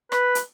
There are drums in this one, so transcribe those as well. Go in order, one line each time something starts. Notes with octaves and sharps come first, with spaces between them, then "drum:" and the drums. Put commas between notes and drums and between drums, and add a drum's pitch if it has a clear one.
B4, drum: rim click
drum: hi-hat